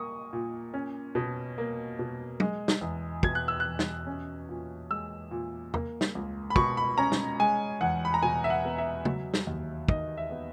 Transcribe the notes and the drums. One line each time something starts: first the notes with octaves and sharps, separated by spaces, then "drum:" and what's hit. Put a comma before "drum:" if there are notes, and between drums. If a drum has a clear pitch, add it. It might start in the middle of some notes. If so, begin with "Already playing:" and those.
Already playing: A#2 A#3 C#6 D#6
A#2
C#4
B2
A#3
B2
G#3, drum: tom
drum: snare
E2
B2 G#6, drum: kick
F#6
E6
F#6
E2
drum: snare
C#4
A#2
G#3 E6
A#2
A#3, drum: tom
drum: snare
C#2
B5
B2 C#6, drum: kick
B5
C#4 A#5
drum: snare
G#3 G#5
E2 F#5
B5
A#5
B2 G#5
E5
F#5
B3
E5
F#3, drum: tom
drum: snare
D#2
D#3 D#5, drum: kick
E5
B3